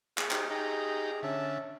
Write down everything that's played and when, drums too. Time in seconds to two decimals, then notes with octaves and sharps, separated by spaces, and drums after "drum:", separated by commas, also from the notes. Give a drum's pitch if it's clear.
0.18 G#4, drum: clap
0.31 D#4 G4 G#4, drum: clap
0.51 D#4 G4 G#4 A#5
1.23 D3 C#4 E5 A5